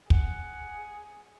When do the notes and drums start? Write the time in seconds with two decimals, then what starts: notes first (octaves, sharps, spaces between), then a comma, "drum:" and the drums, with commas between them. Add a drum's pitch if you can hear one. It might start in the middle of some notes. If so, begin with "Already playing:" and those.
0.10 G#4 F#5, drum: kick